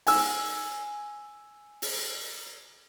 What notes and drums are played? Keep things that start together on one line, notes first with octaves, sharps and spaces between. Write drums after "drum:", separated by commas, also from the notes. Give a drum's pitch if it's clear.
G#5 E6, drum: open hi-hat
drum: open hi-hat